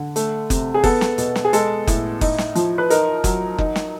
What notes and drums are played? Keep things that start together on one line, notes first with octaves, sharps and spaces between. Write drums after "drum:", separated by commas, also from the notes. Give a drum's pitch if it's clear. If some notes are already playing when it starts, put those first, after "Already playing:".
Already playing: D3
A3, drum: hi-hat
C3, drum: kick F#1, hi-hat
G#4
B3 A4, drum: kick F#1, open hi-hat
drum: snare
B2, drum: hi-hat
drum: snare
G#4
G#3 A4, drum: hi-hat
A2, drum: kick F#1, hi-hat
D#4, drum: kick F#1, open hi-hat
drum: snare
F3, drum: hi-hat
B4
D#4 A#4, drum: hi-hat
F#3, drum: kick F#1, hi-hat
D#4, drum: kick F#1
drum: snare